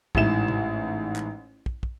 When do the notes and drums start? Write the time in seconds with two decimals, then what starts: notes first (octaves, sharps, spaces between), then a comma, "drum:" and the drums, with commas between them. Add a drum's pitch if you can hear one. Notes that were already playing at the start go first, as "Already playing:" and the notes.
0.15 A1 G#2 E4 E7, drum: kick
0.48 drum: tom
1.16 drum: clap
1.66 drum: kick
1.83 drum: kick